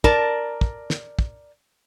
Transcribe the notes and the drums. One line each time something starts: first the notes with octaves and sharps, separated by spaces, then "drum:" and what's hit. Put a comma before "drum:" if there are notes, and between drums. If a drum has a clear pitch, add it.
A#4 D5 A5, drum: kick
drum: kick
drum: snare
drum: kick